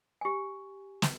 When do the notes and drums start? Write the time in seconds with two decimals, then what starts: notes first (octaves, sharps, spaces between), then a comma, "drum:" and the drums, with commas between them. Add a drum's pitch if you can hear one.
0.21 G4 G#5
1.02 drum: snare